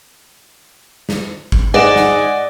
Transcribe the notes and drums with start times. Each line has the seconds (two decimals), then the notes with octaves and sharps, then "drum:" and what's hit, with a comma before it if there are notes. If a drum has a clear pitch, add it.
1.09 drum: snare
1.52 drum: kick
1.74 G#2 D5 D#5 F#5 G#5 E7
1.96 drum: snare